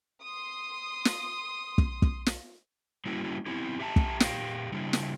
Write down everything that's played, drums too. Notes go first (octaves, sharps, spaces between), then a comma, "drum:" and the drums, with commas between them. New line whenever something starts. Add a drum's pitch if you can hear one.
C6 D#6
drum: snare
drum: kick
drum: kick
drum: snare
G3 A#3 C#4 E4 F#4
B3 C4 E4 G4
G4 E5 G5 A5 A#5
drum: kick
A#2 G4 D#5 F5 G5, drum: snare
C#3 G3 D4 E4
drum: snare